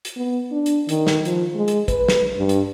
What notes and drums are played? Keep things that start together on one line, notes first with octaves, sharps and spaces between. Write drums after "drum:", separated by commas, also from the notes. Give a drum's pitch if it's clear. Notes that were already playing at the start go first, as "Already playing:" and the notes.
drum: hi-hat
B3
D4
drum: hi-hat
D#3, drum: hi-hat
drum: snare
F3, drum: hi-hat
G#3
drum: hi-hat
B4, drum: kick, hi-hat
drum: snare
G2
drum: hi-hat